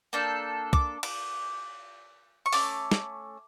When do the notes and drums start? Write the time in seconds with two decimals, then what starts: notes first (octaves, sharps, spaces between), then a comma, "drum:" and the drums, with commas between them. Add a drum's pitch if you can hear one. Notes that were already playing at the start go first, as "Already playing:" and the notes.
0.13 A#3 D4 A4 G6
0.73 D6, drum: kick
1.03 D6, drum: cymbal
2.46 C#6
2.53 A3 C#4 D6, drum: open hi-hat
2.92 drum: snare